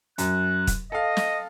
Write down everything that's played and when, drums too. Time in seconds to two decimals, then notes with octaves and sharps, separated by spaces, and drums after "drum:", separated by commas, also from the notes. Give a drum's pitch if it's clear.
0.18 F#2 F#6, drum: hi-hat
0.67 drum: kick, hi-hat
0.92 A4 D#5 F5
1.17 drum: snare